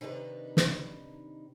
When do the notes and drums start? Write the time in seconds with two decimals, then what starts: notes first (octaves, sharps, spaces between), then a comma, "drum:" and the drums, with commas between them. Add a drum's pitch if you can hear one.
0.01 C3 D#3 D4 D#4 A4 B4
0.57 drum: snare